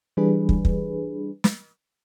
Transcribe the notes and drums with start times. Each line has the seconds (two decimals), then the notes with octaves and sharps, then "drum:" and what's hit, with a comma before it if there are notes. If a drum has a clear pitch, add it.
0.17 E3 G3 D4 G#4 B4
0.49 drum: kick
0.65 drum: kick
1.44 drum: snare